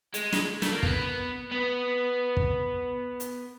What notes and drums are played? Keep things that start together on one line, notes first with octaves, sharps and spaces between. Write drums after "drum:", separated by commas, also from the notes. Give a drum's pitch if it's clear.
G#3, drum: hi-hat
drum: snare
A3, drum: snare
A#3
B3, drum: kick
B3
drum: kick
drum: hi-hat